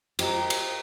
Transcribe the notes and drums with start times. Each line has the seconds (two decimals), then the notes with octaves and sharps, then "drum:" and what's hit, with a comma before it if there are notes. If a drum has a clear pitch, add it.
0.19 F4 G4 C5 D#5 A#5, drum: cymbal
0.50 drum: cymbal